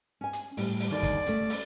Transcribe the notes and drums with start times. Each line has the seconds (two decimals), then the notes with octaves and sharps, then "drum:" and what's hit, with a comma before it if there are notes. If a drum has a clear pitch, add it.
0.21 C#4 G#5
0.33 drum: hi-hat
0.57 A2 G3, drum: open hi-hat
0.80 drum: open hi-hat
0.90 D#2 D3 D#3 D5
1.03 drum: kick, hi-hat
1.26 A3 C#4, drum: hi-hat
1.50 drum: open hi-hat